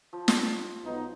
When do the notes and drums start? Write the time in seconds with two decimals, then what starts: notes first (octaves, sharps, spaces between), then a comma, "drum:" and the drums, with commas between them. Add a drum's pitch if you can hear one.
0.13 F3
0.28 drum: snare
0.83 B1 B3 D#4